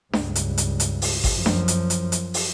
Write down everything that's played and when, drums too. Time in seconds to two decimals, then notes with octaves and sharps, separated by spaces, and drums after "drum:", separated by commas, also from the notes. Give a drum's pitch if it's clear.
0.13 C#2 G2, drum: snare D4
0.35 drum: hi-hat
0.58 drum: hi-hat
0.80 drum: hi-hat
1.02 drum: open hi-hat
1.24 drum: kick G#1, open hi-hat
1.34 F#2 F3
1.46 drum: snare D4
1.68 drum: hi-hat
1.90 drum: hi-hat
2.12 drum: hi-hat
2.34 drum: open hi-hat